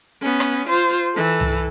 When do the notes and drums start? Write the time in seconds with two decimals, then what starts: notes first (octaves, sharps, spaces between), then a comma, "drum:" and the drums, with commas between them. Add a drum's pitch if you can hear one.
0.22 B3 C#4
0.40 drum: rim click
0.68 F4 C5
0.90 drum: hi-hat
1.15 E3 A4
1.40 drum: tom C2